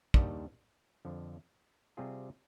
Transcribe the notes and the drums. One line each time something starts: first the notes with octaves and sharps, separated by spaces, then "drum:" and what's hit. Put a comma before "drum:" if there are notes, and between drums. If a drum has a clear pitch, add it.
D#2 D#3 G3 D4, drum: kick
F2 D3 F3
C3 G3 C4 F4 G#4